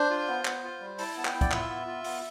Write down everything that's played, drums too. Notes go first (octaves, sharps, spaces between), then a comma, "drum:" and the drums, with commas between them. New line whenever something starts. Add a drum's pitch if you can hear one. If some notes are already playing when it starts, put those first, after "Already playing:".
Already playing: D4 C5
F4
B3
B3, drum: clap
F4
G3
E4 A5, drum: open hi-hat
B3 A5
G5, drum: clap
E4
D5, drum: kick, hi-hat
F4 E5, drum: clap
B3
F4
B3, drum: open hi-hat